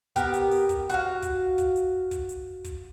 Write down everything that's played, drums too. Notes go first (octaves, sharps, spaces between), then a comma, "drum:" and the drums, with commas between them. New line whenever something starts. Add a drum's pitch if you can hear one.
B3 G4 A#4, drum: kick, hi-hat
drum: hi-hat
drum: open hi-hat
drum: kick, hi-hat
F#4 F5, drum: hi-hat
drum: kick, hi-hat
drum: kick, hi-hat
drum: hi-hat
drum: kick, hi-hat
drum: hi-hat
drum: kick, hi-hat